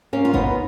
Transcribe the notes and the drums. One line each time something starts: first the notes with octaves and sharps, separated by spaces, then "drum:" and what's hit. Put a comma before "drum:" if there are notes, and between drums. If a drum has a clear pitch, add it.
A#3 C#4
F4
B3 D#4, drum: kick G#1